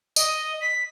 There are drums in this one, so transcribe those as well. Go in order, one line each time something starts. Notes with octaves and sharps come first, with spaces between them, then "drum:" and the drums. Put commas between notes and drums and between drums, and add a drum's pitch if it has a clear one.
D#5, drum: tambourine
B6